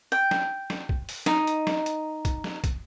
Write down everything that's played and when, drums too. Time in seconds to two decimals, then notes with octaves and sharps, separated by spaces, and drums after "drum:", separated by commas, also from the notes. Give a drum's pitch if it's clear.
0.12 G5
0.31 drum: snare
0.70 drum: snare
0.89 drum: kick
1.09 drum: open hi-hat
1.26 D#4, drum: snare
1.47 drum: hi-hat
1.67 drum: snare
1.86 drum: hi-hat
2.25 drum: kick, hi-hat
2.44 drum: snare
2.64 drum: kick, hi-hat